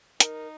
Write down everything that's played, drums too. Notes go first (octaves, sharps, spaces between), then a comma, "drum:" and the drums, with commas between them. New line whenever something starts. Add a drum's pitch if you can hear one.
D#4 A#4, drum: hi-hat